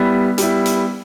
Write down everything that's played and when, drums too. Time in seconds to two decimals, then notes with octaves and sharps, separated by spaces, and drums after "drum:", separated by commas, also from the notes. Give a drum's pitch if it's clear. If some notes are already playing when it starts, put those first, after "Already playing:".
Already playing: G3 B3 E4
0.38 G3 B3 E4, drum: hi-hat
0.65 drum: hi-hat